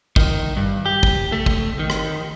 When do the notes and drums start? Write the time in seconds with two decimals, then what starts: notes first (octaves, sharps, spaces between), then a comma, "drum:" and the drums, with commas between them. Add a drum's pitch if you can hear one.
0.16 D#3, drum: kick
0.57 G2
0.86 G4
1.03 drum: kick
1.32 A3
1.46 drum: kick
1.79 D#3
1.90 drum: rim click